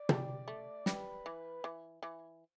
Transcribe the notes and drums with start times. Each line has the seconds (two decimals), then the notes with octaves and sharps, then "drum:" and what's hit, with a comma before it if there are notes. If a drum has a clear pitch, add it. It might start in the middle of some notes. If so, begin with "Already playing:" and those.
Already playing: D5
0.09 G3, drum: tom
0.48 A3
0.86 G3 B4, drum: snare
1.26 E3
1.64 E3
2.03 E3